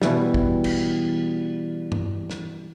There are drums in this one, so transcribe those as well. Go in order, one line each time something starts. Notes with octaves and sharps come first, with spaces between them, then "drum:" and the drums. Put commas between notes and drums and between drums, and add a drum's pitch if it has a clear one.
B2 E3 G3, drum: snare
drum: kick
drum: cymbal
drum: tom G2
drum: snare